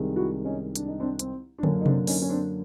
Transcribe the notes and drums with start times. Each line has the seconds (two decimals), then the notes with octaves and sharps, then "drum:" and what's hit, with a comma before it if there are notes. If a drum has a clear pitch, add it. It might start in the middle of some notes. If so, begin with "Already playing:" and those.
Already playing: C2 C3 D#3 G#3
0.16 E4 F#4
0.45 C#4 D#4
0.75 D4, drum: hi-hat
0.88 D#4
1.00 C4 D4
1.19 C4, drum: hi-hat
1.58 D4
1.63 F#2 D3 F#3 A#3 C#4, drum: tom
1.81 D#4
1.86 C4 D4, drum: tom C3
2.07 C#4 D#4, drum: open hi-hat
2.22 C#4
2.29 C4 D4